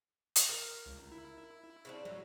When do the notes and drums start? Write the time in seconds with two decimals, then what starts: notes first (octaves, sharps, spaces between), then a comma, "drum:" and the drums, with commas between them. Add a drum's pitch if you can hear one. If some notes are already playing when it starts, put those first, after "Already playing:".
0.36 drum: hi-hat
0.49 A#4
0.86 C#2
1.12 E4
1.85 C#3 C4 D4
2.05 A2 F#3